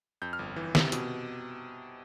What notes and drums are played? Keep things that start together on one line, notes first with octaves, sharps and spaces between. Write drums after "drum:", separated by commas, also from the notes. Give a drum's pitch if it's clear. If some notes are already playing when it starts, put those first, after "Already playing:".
F2 G6
F6
G1
E3
C3, drum: snare
B2, drum: hi-hat